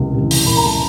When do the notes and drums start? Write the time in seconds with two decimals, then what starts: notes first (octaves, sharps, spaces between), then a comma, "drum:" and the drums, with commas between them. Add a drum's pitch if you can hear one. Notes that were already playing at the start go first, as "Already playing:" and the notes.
Already playing: C#2 C3 E3
0.14 C3 E3
0.31 drum: open hi-hat
0.46 C#2 B5
0.57 A#5
0.66 A5